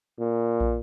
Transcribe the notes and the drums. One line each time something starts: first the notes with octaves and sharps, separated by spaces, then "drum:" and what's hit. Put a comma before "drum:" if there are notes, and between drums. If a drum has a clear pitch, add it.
A#2
drum: kick